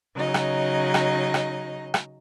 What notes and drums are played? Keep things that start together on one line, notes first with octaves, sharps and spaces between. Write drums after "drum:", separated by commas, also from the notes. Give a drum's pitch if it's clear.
C#3 F#3 D#4 D#5
drum: rim click
drum: rim click
drum: rim click
drum: rim click